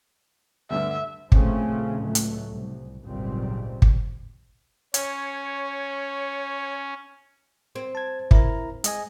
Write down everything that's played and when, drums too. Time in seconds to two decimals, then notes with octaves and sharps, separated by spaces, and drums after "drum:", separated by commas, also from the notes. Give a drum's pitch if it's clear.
0.70 D2 G2 D3 E5
1.32 A#1 C#3 F3 A3 C4 C#4, drum: kick
1.99 C#2 A2 F#3 A3
2.15 drum: hi-hat
2.52 C2
3.05 G#1 C#2 A#2 F#3 G3 C4
3.82 drum: kick
4.94 C#4 C#5, drum: hi-hat
7.75 C4
7.95 A5 G#6
8.31 E4 A#4 A#5, drum: kick
8.84 G#3 D#5 G#5, drum: hi-hat